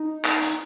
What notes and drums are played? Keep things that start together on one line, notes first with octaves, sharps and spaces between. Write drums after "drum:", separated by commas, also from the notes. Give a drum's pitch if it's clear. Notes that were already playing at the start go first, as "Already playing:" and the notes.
Already playing: D#4
drum: clap
drum: hi-hat